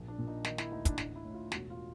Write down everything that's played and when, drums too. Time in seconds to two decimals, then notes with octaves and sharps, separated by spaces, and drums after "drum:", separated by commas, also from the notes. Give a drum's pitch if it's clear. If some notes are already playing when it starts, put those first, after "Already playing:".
Already playing: A#1
0.08 D4
0.18 A#2
0.27 D#4
0.45 D#3 D#4, drum: snare
0.58 E4, drum: snare
0.71 D2 D#4
0.85 D4, drum: kick, hi-hat
0.98 A1 D#4, drum: snare
1.16 E4
1.25 A2
1.34 F4
1.52 E1 F#4, drum: snare
1.70 F4